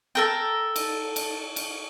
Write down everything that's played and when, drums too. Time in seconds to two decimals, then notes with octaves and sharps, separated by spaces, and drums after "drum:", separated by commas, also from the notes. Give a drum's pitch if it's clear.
0.15 A4 A#4 G5
0.76 drum: cymbal
1.16 drum: cymbal
1.56 drum: cymbal